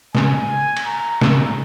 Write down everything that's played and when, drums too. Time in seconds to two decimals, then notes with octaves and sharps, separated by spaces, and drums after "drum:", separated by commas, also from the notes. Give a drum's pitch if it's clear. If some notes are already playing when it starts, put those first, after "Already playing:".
0.15 G#5, drum: snare
0.77 drum: cymbal
0.86 A#5
1.21 A#5, drum: snare